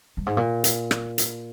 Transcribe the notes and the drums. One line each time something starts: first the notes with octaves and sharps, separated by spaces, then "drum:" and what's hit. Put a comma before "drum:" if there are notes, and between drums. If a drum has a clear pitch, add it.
G2
G#2
A#2
drum: hi-hat
drum: rim click
drum: hi-hat